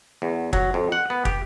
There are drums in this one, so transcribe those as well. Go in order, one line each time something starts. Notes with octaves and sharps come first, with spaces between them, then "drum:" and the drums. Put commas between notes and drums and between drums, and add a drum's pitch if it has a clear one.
E2
F#3, drum: kick
F2
F#5
B3
G4, drum: kick